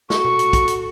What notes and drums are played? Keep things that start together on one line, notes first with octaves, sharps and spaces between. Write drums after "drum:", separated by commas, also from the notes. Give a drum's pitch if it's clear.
F#4 A4 C#6, drum: snare
drum: tom B2
drum: hi-hat
drum: kick, hi-hat
drum: hi-hat